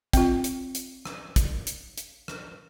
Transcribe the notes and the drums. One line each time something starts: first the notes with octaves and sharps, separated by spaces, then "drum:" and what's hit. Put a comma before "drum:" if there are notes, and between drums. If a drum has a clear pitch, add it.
C4 F4, drum: kick, hi-hat
drum: hi-hat
drum: hi-hat
drum: rim click
drum: kick, hi-hat
drum: hi-hat
drum: hi-hat
drum: rim click